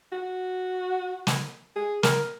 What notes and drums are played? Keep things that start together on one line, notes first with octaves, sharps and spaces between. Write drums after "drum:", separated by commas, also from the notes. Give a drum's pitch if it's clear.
F#4
drum: snare
G#4
A#4, drum: snare